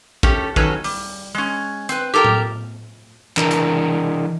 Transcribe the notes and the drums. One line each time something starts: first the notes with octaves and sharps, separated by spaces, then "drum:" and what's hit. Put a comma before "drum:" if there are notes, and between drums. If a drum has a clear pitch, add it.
A3 C#4 G4, drum: kick
D#3 F#3 C#4 A4 B4, drum: kick
G3, drum: open hi-hat
G#3 C#4
C4 B4, drum: hi-hat
G4 A4 A#4 E5 G5
drum: tom A2
E3 D4 A#4, drum: clap
drum: hi-hat